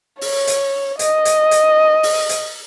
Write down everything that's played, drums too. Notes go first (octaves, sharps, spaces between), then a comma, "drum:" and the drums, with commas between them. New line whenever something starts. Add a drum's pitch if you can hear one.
C#5, drum: open hi-hat
drum: hi-hat
D#5, drum: hi-hat
drum: hi-hat
drum: hi-hat
drum: open hi-hat
drum: hi-hat